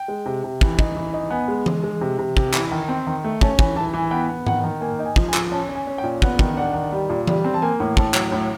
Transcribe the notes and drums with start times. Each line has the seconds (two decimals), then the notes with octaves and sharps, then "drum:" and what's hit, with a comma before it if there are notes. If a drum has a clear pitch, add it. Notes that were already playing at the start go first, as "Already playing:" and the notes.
Already playing: G5
0.08 G#3
0.26 C3
0.44 C3
0.61 E3, drum: kick
0.79 D#4, drum: kick
0.96 E3
1.13 D#4
1.30 B3 G#5
1.48 G#3
1.66 G#3, drum: tom E3
1.83 G#3
2.01 C3
2.19 C3
2.37 C3, drum: kick
2.54 E3, drum: clap
2.71 D#3
2.89 C4
3.07 D#3
3.24 A3
3.41 C#4 A5, drum: kick
3.59 E3 G#5, drum: kick
3.76 E3 A5
3.94 E3 G#5
4.11 B3 G5
4.29 B3
4.47 D#3 F#5, drum: tom G#2
4.64 D#3
4.81 A#3 G#5
4.99 D#4 G5
5.05 G#5
5.16 F3, drum: kick
5.28 G#5
5.34 F3, drum: clap
5.51 C#4 A5
5.69 C#4
5.75 G#5
5.87 C#4
5.98 G5
6.04 A#2
6.22 B3 F#5, drum: kick
6.39 D#3, drum: kick
6.57 D4 F#5
6.74 D#3
6.92 G3
7.10 A#2
7.27 G3, drum: tom E3
7.44 C4
7.54 A5
7.62 A#3 G#5
7.80 A2
7.97 A2 A5, drum: kick
8.14 F#3, drum: clap
8.32 A2